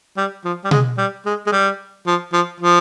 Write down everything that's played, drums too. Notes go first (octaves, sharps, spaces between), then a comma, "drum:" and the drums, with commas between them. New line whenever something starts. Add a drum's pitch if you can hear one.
G3
F3
G3
G#3, drum: tom B2
G3
G#3
G#3
G3
F3
F3
F3